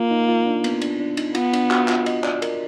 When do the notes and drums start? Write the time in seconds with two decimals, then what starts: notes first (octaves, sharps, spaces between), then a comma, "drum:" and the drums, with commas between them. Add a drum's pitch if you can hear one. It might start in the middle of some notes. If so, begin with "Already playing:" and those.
Already playing: A#3 F4
0.11 D#4
0.28 F4
0.46 D4
0.64 B3, drum: cymbal
0.82 D4, drum: cymbal
1.00 D4
1.17 D#4, drum: cymbal
1.35 B3 F4, drum: cymbal
1.53 D4, drum: cymbal
1.71 F#4, drum: clap
1.88 F4, drum: clap
2.06 D#5, drum: cymbal
2.24 D5, drum: clap
2.42 A#4, drum: cymbal